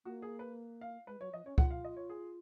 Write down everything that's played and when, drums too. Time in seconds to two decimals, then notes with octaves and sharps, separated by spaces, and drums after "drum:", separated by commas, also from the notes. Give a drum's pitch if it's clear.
0.05 A#3 F#4
0.22 G#4
0.39 B4
0.81 F5
1.07 G#3 B4
1.20 F#3 C#5
1.32 F3 D#5
1.45 C#4 C#5
1.58 F4 F#5, drum: kick C#2
1.71 F5
1.84 D#5
1.97 C#5
2.10 G#4